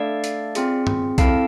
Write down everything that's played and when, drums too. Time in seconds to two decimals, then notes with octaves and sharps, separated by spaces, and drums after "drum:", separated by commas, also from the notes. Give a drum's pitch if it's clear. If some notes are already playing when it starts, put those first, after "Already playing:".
Already playing: A3 D4 A4 D5 F5
0.24 drum: hi-hat
0.55 C4 F4 G#4, drum: hi-hat
0.87 drum: tom G2
1.18 C4 E4 A4 F5 A5, drum: kick B1, hi-hat